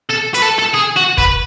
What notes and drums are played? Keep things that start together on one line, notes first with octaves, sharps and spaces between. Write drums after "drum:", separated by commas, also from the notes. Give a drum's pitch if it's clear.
A4
B4, drum: hi-hat
A4
A4
G#4
F#4
B4, drum: kick